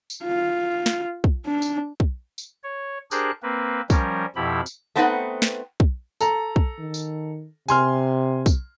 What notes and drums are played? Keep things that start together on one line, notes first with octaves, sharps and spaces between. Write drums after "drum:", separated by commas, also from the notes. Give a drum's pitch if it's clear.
drum: tambourine
F4
drum: snare
drum: kick
D4
drum: tambourine
drum: kick
drum: tambourine
C#5
D4 G4 G#4 A#4 C5 F#6, drum: tambourine
A#3 C4 B4
F3 G3 C#4 A#4, drum: kick, tambourine
F2 B2 F3 E4 G4 B5
drum: tambourine
A3 B3 C4 D#4 B4 F#5
drum: snare
drum: kick
A4 A#5, drum: tambourine
drum: kick
D#3
drum: tambourine
C3 G#5 C6 F6, drum: tambourine
drum: kick, tambourine